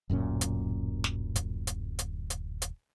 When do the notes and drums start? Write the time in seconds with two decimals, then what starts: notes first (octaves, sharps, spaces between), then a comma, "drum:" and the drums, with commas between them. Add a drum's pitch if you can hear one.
0.10 D1 F#2 A#2 C#4
0.41 drum: hi-hat
1.04 drum: snare
1.36 drum: kick, hi-hat
1.67 drum: hi-hat
1.99 drum: hi-hat
2.30 drum: hi-hat
2.62 drum: hi-hat